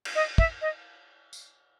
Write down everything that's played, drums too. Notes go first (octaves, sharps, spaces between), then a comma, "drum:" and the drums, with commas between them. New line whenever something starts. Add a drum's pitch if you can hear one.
drum: cymbal
D#5
E5, drum: kick
D#5
drum: tambourine